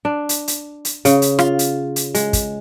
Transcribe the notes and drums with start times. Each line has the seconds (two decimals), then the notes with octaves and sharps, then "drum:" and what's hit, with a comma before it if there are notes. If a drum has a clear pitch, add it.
0.05 D4
0.29 drum: hi-hat
0.48 drum: hi-hat
0.85 drum: hi-hat
1.05 C#3, drum: hi-hat
1.22 drum: hi-hat
1.39 F4, drum: rim click
1.59 drum: hi-hat
1.96 drum: hi-hat
2.15 G#3, drum: hi-hat
2.33 drum: kick, hi-hat